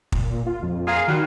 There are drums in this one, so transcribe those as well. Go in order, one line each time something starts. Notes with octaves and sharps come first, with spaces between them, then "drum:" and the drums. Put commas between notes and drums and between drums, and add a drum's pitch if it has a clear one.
A#2, drum: kick
F4
F2
A#3 F4 G#4
D#3 G3 F4 F#4